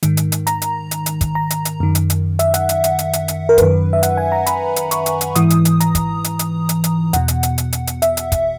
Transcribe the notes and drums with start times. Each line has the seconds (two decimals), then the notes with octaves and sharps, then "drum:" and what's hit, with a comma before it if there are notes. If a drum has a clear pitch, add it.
0.03 G#2 D#3, drum: hi-hat
0.17 drum: hi-hat
0.32 drum: hi-hat
0.47 A#5, drum: hi-hat
0.62 drum: hi-hat
0.91 drum: hi-hat
1.06 drum: hi-hat
1.21 drum: kick, hi-hat
1.35 A#5
1.50 drum: hi-hat
1.65 drum: hi-hat
1.80 F#2 D#3
1.95 drum: hi-hat
2.10 drum: hi-hat
2.39 E5, drum: hi-hat
2.54 F#5, drum: hi-hat
2.69 drum: hi-hat
2.84 drum: hi-hat
2.99 drum: hi-hat
3.13 drum: hi-hat
3.28 drum: hi-hat
3.49 A#4
3.58 F#2 D#3 B4, drum: kick, hi-hat
3.93 E5
4.03 F#5, drum: hi-hat
4.17 G#5
4.32 A#5
4.46 B5, drum: hi-hat
4.76 drum: hi-hat
4.91 C#6, drum: hi-hat
5.06 drum: hi-hat
5.21 drum: hi-hat
5.35 G#2 E3 D#6, drum: hi-hat
5.50 drum: hi-hat
5.65 drum: hi-hat
5.80 A#5, drum: hi-hat
5.95 drum: kick, hi-hat
6.24 drum: hi-hat
6.39 drum: hi-hat
6.69 drum: hi-hat
6.84 drum: hi-hat
7.13 E2 B2 F#5, drum: hi-hat
7.28 drum: hi-hat
7.43 drum: hi-hat
7.58 drum: hi-hat
7.73 drum: hi-hat
7.87 drum: hi-hat
8.02 E5, drum: hi-hat
8.17 drum: hi-hat
8.32 drum: kick, hi-hat